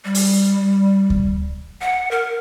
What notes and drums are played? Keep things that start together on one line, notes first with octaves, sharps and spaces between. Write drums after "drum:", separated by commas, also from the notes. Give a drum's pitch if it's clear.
G3
drum: open hi-hat
drum: kick D2
F#5
A#4